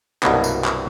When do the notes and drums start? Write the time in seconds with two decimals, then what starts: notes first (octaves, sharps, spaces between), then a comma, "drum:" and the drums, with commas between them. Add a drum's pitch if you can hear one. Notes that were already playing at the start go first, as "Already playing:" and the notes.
0.23 C2 G2 B2 F#3 A#3 B3, drum: clap
0.44 drum: tambourine
0.65 drum: clap